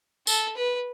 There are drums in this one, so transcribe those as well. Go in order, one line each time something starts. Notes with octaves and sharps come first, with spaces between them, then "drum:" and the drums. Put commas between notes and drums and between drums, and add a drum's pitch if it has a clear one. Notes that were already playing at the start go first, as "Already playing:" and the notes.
A4, drum: tambourine
B4